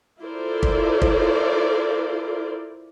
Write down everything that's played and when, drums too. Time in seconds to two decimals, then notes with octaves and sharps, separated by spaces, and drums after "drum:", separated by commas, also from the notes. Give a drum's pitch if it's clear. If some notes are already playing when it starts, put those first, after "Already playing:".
0.24 E4 F4 A4 A#4 C5 D5
0.63 drum: kick
1.02 drum: kick